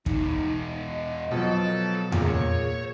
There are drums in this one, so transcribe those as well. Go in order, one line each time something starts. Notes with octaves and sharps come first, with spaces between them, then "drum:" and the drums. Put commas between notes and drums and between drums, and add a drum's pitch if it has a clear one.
E2 B2 D#4, drum: kick
D#5
B2 F3 F#3 A4
A#2 C#3 G#4 A#4, drum: tom E2
C#5